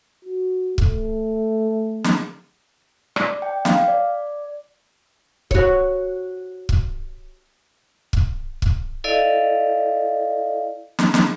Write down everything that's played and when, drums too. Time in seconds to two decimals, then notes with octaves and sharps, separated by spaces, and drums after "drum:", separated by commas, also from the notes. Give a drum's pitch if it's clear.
0.25 F#4
0.78 A3, drum: kick
2.04 drum: snare
3.16 D5, drum: rim click
3.42 G5
3.65 F5, drum: snare
3.88 D5
5.51 F#4 C#5, drum: kick
6.69 drum: kick
8.13 drum: kick
8.62 drum: kick
9.04 E4 A4 D5 D#5 F5
10.99 drum: snare
11.14 drum: snare